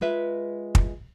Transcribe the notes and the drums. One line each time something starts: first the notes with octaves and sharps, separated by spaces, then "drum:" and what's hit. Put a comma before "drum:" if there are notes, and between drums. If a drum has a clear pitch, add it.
G#3 F4 B4 E5
drum: kick